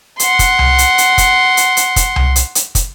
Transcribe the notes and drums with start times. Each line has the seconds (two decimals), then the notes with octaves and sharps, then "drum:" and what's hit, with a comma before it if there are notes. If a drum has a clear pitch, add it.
0.20 F#5 C6, drum: hi-hat
0.39 drum: kick, hi-hat
0.59 drum: tom C2
0.78 drum: hi-hat
0.98 drum: hi-hat
1.18 drum: kick, hi-hat
1.57 drum: hi-hat
1.77 drum: hi-hat
1.96 drum: kick, hi-hat
2.16 drum: tom C2
2.36 drum: hi-hat
2.55 drum: hi-hat
2.75 drum: kick, hi-hat